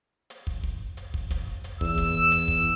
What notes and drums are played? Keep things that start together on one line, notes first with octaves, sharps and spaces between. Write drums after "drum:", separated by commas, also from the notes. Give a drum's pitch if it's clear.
drum: hi-hat
drum: kick
drum: kick
drum: hi-hat
drum: kick
drum: kick, hi-hat
drum: hi-hat
E2 E6, drum: kick
drum: kick, hi-hat
drum: hi-hat
drum: kick